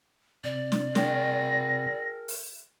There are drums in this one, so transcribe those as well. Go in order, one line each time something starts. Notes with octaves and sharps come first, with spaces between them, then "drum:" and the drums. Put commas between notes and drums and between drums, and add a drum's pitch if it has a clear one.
C3 D5
drum: snare
G#4 A#4 G5 A#6, drum: snare
drum: open hi-hat